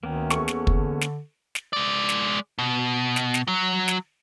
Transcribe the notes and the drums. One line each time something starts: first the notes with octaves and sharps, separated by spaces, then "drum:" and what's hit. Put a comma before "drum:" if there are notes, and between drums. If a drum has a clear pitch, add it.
D2 D#3 A#3 B3 C#4
E2 A4 C#6, drum: snare
drum: snare
D3, drum: kick
drum: snare
drum: snare
G#3 D5
drum: snare
B2
drum: snare
drum: snare
F#3 F#4
drum: snare